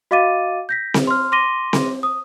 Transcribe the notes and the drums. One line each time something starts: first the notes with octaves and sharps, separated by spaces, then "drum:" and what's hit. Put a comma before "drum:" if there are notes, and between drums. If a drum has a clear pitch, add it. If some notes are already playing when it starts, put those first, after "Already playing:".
F#4 D#5 F5 D6 A6 D#7
G6 A#6 B6
drum: snare C4
C6 F6
C6 D6 A#6 D#7 G7
drum: snare C4
D#6